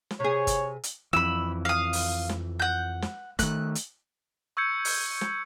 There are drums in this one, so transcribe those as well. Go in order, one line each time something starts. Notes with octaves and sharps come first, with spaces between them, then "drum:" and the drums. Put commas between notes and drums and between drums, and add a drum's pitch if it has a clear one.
drum: snare
C3 G#4 C#5
drum: kick G1, hi-hat
drum: hi-hat
F2 E3 B5 E6
F5 D#6
drum: open hi-hat
drum: snare
F#5 G6
drum: snare
D#3 A3 F#6, drum: kick G1, hi-hat
drum: hi-hat
C#6 E6 G6 G#6 C#7
drum: open hi-hat
drum: snare